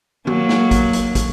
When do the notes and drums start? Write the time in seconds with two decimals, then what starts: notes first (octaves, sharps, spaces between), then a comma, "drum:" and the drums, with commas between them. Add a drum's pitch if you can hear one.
0.27 F#3 A#3, drum: tom D#3
0.49 drum: snare
0.71 drum: kick, hi-hat
0.93 drum: hi-hat
1.15 drum: kick, hi-hat